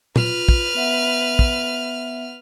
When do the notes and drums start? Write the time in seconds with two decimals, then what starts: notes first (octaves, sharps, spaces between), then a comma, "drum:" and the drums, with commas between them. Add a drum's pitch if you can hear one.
0.16 F4 B4 F6, drum: tom A#2
0.49 drum: kick
0.75 B3 E5 F#5
1.39 drum: kick